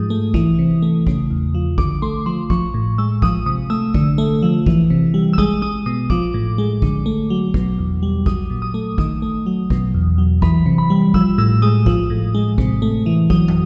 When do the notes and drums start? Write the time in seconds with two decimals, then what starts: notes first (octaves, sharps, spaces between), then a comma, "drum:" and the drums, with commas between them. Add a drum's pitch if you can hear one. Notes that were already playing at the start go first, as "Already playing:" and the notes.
Already playing: G#2 F3 G#3 D#6
0.10 A3
0.34 E3, drum: kick
0.59 C3
0.82 A3
1.07 C#3, drum: kick
1.30 E2
1.55 F3
1.78 D3 D6, drum: kick
2.02 A3 C6
2.26 F3 C6
2.50 F3 C#6, drum: kick
2.74 A2
2.98 G#3 E6
3.22 F3 D#6, drum: kick
3.46 C3 D#6
3.70 A3 E6
3.94 D3, drum: kick
4.18 A3
4.42 F3
4.66 E3, drum: kick
4.90 C3
5.14 G3
5.33 E6
5.38 G#3 D#6, drum: kick
5.62 G#3 D#6
5.86 B2 D#6
6.10 F3 D6, drum: kick
6.34 A2
6.58 G#3
6.82 D3, drum: kick
7.06 A3
7.30 F#3
7.54 B2, drum: kick
7.78 E2
8.03 G3
8.26 F#3 D#6, drum: kick
8.50 A#2
8.62 D#6
8.74 A3
8.98 D#3 D#6, drum: kick
9.22 A3
9.46 F#3
9.70 B2, drum: kick
9.94 E2
10.18 F#3
10.42 E3 B5, drum: kick
10.66 C3
10.78 B5
10.90 G3
11.14 F3 E6, drum: kick
11.38 A2 E6
11.62 G#3 D#6
11.86 F3, drum: kick
12.10 A2
12.35 G#3
12.58 C3, drum: kick
12.82 A3
13.06 E3
13.30 F#3 D#6, drum: kick
13.48 drum: tom